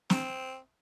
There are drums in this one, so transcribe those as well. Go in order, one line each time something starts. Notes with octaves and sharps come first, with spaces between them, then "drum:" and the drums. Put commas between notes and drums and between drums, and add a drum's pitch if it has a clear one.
C4, drum: snare